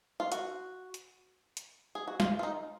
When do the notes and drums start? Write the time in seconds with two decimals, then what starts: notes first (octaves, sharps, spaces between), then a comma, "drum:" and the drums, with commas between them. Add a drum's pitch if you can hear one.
0.20 F4
0.32 F#4, drum: hi-hat
0.94 drum: hi-hat
1.57 drum: hi-hat
1.95 G#4
2.07 F#4
2.20 F4, drum: snare
2.39 F4
2.43 D#4